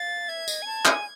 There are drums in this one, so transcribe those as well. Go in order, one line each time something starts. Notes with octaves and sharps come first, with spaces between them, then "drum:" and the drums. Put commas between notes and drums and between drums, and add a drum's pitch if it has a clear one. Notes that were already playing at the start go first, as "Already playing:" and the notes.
Already playing: F5 A6
E5 G#6
D#5, drum: tambourine
G#5
A5
G#5, drum: clap